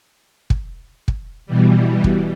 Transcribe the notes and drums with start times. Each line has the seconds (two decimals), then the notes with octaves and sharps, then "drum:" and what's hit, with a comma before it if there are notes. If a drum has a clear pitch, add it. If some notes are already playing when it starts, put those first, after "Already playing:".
0.50 drum: kick
1.08 drum: kick
1.46 B2 E3 G3
2.04 drum: kick